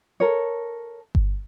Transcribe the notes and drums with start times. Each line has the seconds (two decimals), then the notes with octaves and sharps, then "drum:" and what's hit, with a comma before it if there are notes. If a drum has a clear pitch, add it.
0.20 A4 A#4 C#5
1.15 drum: kick G1